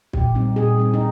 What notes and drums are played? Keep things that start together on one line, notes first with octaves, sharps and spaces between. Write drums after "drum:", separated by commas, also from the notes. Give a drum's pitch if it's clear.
A#2 G4, drum: kick B1
G3 C4 D#4
A#2 G#4
G3 C4 D#4
D#4